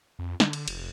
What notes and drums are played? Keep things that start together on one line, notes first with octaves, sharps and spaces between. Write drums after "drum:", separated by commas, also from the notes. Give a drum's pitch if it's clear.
F2
D3, drum: snare
drum: cymbal
F1, drum: cymbal